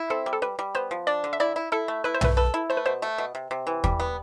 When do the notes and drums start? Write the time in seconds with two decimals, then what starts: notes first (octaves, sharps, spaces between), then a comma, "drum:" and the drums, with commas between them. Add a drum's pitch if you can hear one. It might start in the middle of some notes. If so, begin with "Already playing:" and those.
Already playing: E4
0.10 C4 A4
0.26 G3
0.33 A4
0.42 G3 B4
0.59 G3
0.75 B3 C5
0.91 F3
1.07 D4 D5
1.24 D3
1.33 E5
1.40 E4 D5
1.56 E4
1.72 E4 A4
1.88 A3
2.04 E4 B4
2.14 C5
2.21 A3 B4, drum: tom B1
2.37 A4 B4
2.54 E4
2.70 A3 C5
2.77 B4
2.86 B2 C5
3.02 A3
3.18 B2
3.35 C3
3.51 C3
3.67 E3
3.84 G3, drum: kick
4.00 B3